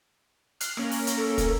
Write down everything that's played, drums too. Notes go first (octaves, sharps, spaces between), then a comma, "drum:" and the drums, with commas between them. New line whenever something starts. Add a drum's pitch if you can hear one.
F6 F#6 C7, drum: hi-hat
A#3 C#4 A#4, drum: rim click
drum: open hi-hat
drum: hi-hat
A4
drum: kick, hi-hat